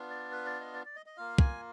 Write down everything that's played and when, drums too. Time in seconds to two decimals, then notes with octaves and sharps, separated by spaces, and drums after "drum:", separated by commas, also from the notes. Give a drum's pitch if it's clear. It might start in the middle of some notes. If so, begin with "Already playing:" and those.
Already playing: B3 D4 F4
0.10 D5
0.31 B4
0.46 D5
0.60 D#5
0.74 D5
0.85 D5
0.96 D#5
1.06 D#5
1.17 A#3 F4 F5
1.38 G#5, drum: kick